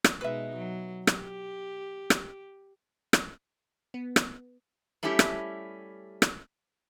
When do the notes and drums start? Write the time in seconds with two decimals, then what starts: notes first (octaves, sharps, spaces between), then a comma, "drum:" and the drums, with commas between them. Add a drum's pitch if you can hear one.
0.04 drum: rim click
0.21 B2 G#3 D#4 B4 E5
0.57 F#3
1.07 G4, drum: rim click
2.10 drum: rim click
3.13 drum: rim click
3.94 B3
4.16 drum: rim click
5.03 G3 A3 C#4 E4 G4
5.19 drum: rim click
6.22 drum: rim click